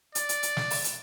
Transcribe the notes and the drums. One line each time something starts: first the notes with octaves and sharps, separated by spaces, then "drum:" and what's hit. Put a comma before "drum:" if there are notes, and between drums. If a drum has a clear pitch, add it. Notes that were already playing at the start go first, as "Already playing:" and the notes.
D5, drum: hi-hat
drum: hi-hat
drum: hi-hat
drum: snare
drum: open hi-hat
drum: hi-hat